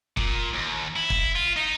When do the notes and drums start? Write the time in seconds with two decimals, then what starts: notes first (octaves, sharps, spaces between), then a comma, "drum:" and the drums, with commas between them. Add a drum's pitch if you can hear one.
0.17 A#2, drum: kick
0.53 D#2
0.96 E4
1.10 drum: kick
1.35 F4
1.57 D#4